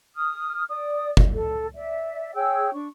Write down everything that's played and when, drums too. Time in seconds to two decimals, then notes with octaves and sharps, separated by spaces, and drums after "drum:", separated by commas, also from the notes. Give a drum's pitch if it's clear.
0.15 D#6 F6
0.69 D5 D#6
1.17 drum: kick
1.34 A4
1.75 D5 E5
2.35 G#4 C#5 G5 E6
2.73 D4 C#6